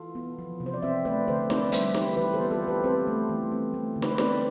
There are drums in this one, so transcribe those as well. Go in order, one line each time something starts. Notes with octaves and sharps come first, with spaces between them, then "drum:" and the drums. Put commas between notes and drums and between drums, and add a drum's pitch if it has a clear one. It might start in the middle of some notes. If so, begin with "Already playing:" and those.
Already playing: E3 F4 A4
B3
F3
C3
C5
D5
C4 C5 E5
A3 B4 D5
D3 A4 C5
C4 B4 D5, drum: snare
G3 C5 E5, drum: hi-hat
E3 G4 B4, drum: snare
E3 G4 B4
A4 C5
B3
F4 A4
B3
G4 B4
C4 A4 C5
A3
E3
C4
A3
D3
B4, drum: snare
C5
C4 B4 D5, drum: snare